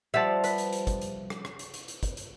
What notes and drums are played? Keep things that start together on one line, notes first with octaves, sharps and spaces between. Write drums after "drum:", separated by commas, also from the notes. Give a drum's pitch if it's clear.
F3 G3 E5 F#5 A5
B4, drum: hi-hat
drum: hi-hat
drum: hi-hat
drum: kick, hi-hat
drum: hi-hat
drum: rim click
drum: rim click
drum: hi-hat
drum: hi-hat
drum: hi-hat
drum: kick, hi-hat
drum: hi-hat